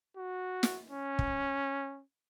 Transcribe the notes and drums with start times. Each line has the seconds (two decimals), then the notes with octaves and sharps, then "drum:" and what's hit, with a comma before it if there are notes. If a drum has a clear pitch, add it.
0.17 F#4
0.63 drum: snare
0.90 C#4
1.19 drum: kick